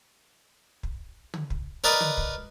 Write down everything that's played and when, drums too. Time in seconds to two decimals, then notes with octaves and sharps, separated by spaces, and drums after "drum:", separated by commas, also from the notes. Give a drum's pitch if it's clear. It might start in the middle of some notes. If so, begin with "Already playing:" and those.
0.83 drum: kick
1.34 drum: tom
1.50 drum: kick
1.84 A#4 B4 D5 D#5 A#5
2.01 drum: tom
2.17 drum: kick